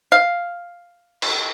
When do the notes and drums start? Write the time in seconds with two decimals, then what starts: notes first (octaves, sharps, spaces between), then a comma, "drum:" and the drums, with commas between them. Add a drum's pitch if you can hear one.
0.12 F5
1.22 drum: cymbal